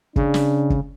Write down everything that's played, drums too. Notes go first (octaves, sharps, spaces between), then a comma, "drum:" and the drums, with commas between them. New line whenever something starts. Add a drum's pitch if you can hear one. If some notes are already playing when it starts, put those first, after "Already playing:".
C#3 D4, drum: kick
drum: snare
drum: kick